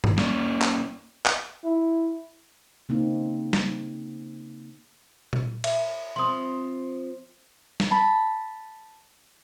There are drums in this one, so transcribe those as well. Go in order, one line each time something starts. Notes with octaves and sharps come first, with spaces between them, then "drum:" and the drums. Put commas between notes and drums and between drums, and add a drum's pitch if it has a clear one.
drum: tom G2
A#3 C#4 D5, drum: snare
drum: clap
drum: clap
E4
C#3 A#3 C4 D#4
drum: snare
drum: tom A#2
E5, drum: cymbal
F3 C4 C6 D#6
drum: snare
A5 B5